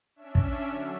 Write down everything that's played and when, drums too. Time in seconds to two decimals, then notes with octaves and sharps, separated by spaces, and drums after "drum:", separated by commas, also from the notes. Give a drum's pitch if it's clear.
0.16 C#4 D4 E5
0.35 drum: kick
0.64 D3 F#3